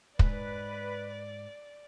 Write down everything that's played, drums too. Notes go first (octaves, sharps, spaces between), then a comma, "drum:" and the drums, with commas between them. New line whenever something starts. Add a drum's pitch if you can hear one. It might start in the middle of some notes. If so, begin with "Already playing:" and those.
G#2 B4 D5, drum: kick